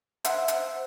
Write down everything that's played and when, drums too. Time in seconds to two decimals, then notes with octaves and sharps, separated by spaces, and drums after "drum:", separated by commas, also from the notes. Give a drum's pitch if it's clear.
0.24 C5 E5 F#5, drum: hi-hat
0.48 drum: hi-hat